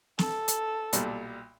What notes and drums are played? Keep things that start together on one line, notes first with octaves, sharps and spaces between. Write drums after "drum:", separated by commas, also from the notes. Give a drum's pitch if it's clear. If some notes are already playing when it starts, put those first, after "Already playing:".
A4, drum: snare
drum: hi-hat
B1 A#2 G3, drum: hi-hat